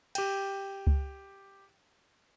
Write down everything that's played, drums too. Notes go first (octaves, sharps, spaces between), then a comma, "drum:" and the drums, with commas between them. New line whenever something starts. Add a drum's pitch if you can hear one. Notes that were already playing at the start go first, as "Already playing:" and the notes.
G4 G5, drum: cymbal
drum: kick C#2